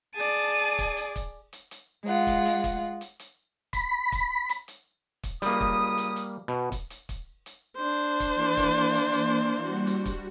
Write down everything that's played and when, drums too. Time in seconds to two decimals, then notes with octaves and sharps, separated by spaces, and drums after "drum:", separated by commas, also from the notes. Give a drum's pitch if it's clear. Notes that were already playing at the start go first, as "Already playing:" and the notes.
0.16 G#4 D5 A5 D#7
0.78 drum: kick, hi-hat
0.97 drum: hi-hat
1.16 drum: kick, hi-hat
1.53 drum: hi-hat
1.71 drum: hi-hat
2.04 G#3 F4 F#5
2.27 drum: kick, hi-hat
2.45 drum: hi-hat
2.64 drum: kick, hi-hat
3.01 drum: hi-hat
3.20 drum: hi-hat
3.73 B5, drum: kick, hi-hat
4.12 drum: kick, hi-hat
4.49 drum: hi-hat
4.68 drum: hi-hat
5.23 drum: kick, hi-hat
5.42 C#2 G3 A#3 B5 D#6, drum: hi-hat
5.61 drum: kick
5.98 drum: hi-hat
6.16 drum: hi-hat
6.48 B2
6.72 drum: kick, hi-hat
6.90 drum: hi-hat
7.09 drum: kick, hi-hat
7.46 drum: hi-hat
7.77 D4 C5
8.20 drum: kick, hi-hat
8.34 E3 A#3
8.57 drum: kick, hi-hat
8.94 drum: hi-hat
9.13 drum: hi-hat
9.61 G3 F#4
9.87 drum: hi-hat
10.06 drum: kick, hi-hat